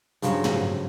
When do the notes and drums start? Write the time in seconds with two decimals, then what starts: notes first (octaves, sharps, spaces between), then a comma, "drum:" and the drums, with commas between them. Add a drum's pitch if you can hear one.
0.22 G2 C#3 F3 F#3, drum: hi-hat
0.44 drum: tom